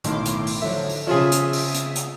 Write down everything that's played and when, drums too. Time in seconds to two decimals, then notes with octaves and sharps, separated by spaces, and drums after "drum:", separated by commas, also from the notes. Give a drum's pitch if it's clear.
0.04 B1 A2 D#3 E4 C6 D6, drum: hi-hat
0.25 drum: hi-hat
0.47 drum: open hi-hat
0.61 D3 F3 F#3 E5
0.89 drum: open hi-hat
1.07 C#3 F3 F4 G#4 C#5 E5 D#6
1.32 drum: hi-hat
1.53 drum: open hi-hat
1.74 drum: hi-hat
1.95 drum: hi-hat